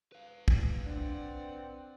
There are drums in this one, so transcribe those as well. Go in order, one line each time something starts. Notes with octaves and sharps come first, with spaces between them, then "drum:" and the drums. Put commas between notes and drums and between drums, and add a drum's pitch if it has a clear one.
B4 F5
drum: kick
C4 D4 D5 F#5